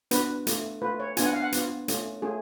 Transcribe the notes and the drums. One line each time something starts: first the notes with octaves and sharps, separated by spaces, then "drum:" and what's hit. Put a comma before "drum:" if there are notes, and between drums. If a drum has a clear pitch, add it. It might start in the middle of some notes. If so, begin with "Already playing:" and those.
B3 D4 F#4 B4, drum: hi-hat
A3 F4, drum: hi-hat
A3 F4 B4
C#5
B3 D4 F4 G#5, drum: hi-hat
F#5
F5
F#5
B3 D4 F4, drum: hi-hat
A3 C#4 F4, drum: hi-hat
A3 C#4 F4 G#4